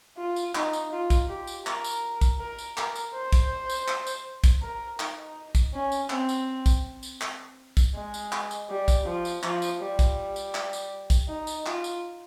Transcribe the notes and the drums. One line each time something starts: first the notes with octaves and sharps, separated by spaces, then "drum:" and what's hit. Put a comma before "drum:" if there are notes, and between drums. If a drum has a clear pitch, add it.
F4
drum: tambourine
D#4, drum: clap
drum: tambourine
F4
drum: kick, tambourine
G4
drum: tambourine
A#4, drum: clap
drum: tambourine
drum: kick, tambourine
A#4
drum: tambourine
A#4, drum: clap
drum: tambourine
C5
drum: kick, tambourine
drum: tambourine
drum: clap
drum: tambourine
drum: kick, tambourine
A#4
D#4, drum: clap
drum: kick, tambourine
C#4
drum: tambourine
C4, drum: clap
drum: tambourine
drum: kick, tambourine
drum: tambourine
drum: clap
drum: kick, tambourine
G#3
drum: tambourine
drum: clap
drum: tambourine
G3
drum: kick, tambourine
F3
drum: tambourine
F3, drum: clap
drum: tambourine
G3
drum: kick, tambourine
drum: tambourine
drum: clap
drum: tambourine
drum: kick, tambourine
D#4
drum: tambourine
F4, drum: clap
drum: tambourine